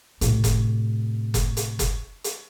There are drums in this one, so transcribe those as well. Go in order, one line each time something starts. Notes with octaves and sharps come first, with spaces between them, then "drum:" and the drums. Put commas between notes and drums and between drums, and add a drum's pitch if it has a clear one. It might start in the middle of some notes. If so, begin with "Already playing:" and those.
A2 C3, drum: hi-hat
drum: kick F#1, hi-hat
drum: kick F#1, hi-hat
drum: hi-hat
drum: kick F#1, hi-hat
drum: hi-hat